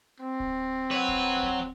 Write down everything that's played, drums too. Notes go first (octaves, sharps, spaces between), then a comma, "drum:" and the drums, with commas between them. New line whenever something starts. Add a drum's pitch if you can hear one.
C4
drum: kick D1
B4 C#5 F#5
drum: kick D1
drum: kick D1